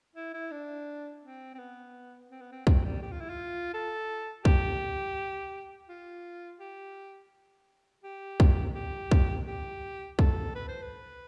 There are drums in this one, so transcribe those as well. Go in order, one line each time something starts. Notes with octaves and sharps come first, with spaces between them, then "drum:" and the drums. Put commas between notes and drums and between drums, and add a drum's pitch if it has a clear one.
E4
E4
D4
C4
C4
B3
C4
B3
C4
C4, drum: kick
G3
G4
F4
E4
F4
A4
G4, drum: kick
F4
G4
G4
drum: kick
G4
drum: kick
G4
A4, drum: kick
B4
C5
B4